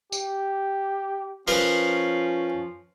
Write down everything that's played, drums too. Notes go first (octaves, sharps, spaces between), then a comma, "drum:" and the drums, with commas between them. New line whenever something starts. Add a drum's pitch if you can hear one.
G4, drum: tambourine
F3 C#4 A#4 B4, drum: open hi-hat